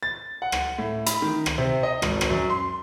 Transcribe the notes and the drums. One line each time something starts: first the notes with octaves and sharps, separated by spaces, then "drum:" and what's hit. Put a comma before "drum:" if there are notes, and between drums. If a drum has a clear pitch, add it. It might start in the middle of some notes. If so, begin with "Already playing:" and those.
A6
F#5
drum: rim click
A2
B5, drum: hi-hat
D#3
drum: rim click
C3
D#5
G#1, drum: rim click
drum: rim click
F#2
C6